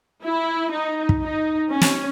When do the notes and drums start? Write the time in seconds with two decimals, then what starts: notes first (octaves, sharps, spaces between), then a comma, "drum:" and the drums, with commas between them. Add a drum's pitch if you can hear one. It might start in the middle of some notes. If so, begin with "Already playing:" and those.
0.24 E4
0.71 D#4
1.09 drum: kick
1.24 D#4
1.71 C#4
1.82 drum: snare